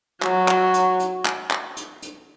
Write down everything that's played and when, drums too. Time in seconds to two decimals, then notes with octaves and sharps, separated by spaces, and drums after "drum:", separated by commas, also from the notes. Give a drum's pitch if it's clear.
0.22 F#3, drum: clap
0.48 drum: clap
0.74 drum: hi-hat
0.99 drum: hi-hat
1.25 drum: clap
1.51 drum: clap
1.77 drum: hi-hat
2.02 drum: hi-hat